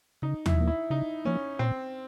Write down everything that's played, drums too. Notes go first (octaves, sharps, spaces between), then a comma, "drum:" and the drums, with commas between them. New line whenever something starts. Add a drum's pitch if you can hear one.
C#3 D#4
E4, drum: tom D#2
F3 A#3
E4
C#3 D#4
F3 A#3 C#4
A#2 C4